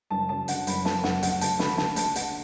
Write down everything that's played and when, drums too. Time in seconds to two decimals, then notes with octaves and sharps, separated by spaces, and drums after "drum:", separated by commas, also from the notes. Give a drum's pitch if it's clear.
0.11 F#1 A5
0.29 F#2 A5
0.48 D3 F#5, drum: hi-hat
0.67 F#1 B5, drum: hi-hat
0.85 F#1 A5, drum: snare
1.04 F#2 F#5, drum: snare
1.23 D2 F#5, drum: hi-hat
1.41 D2 A5, drum: hi-hat
1.59 D3 B5, drum: snare
1.78 D3 A5, drum: snare
1.96 D2 A5, drum: hi-hat
2.16 D2 F#5, drum: hi-hat